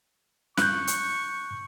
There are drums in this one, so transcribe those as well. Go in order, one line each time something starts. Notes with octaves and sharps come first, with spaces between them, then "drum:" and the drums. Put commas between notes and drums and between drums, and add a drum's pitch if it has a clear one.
C#6 F#6 G6, drum: snare
drum: hi-hat